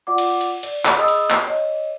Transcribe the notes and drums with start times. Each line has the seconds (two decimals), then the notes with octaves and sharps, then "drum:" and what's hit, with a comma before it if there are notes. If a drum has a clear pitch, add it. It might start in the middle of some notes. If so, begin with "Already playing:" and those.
0.07 F4 D5 F#5 D6
0.18 drum: cymbal
0.41 drum: cymbal
0.63 D5, drum: cymbal
0.86 drum: clap
0.98 G#4 D#5 B5 D#6 E6 A6
1.08 drum: cymbal
1.30 drum: clap
1.46 C#5 D#5